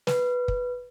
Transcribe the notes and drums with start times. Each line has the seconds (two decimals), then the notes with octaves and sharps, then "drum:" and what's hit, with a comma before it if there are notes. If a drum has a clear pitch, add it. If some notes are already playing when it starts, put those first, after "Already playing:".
0.07 B4, drum: snare
0.48 drum: kick